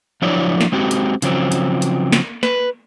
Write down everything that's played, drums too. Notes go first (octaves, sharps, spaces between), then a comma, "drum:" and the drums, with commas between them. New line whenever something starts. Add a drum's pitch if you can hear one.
F3 F#3 D4 E4 C#5 D5
drum: snare
G#3 C4 F#4 G4
drum: hi-hat
C#3 F3 F#3 C4, drum: hi-hat
drum: hi-hat
drum: hi-hat
drum: snare
B4, drum: snare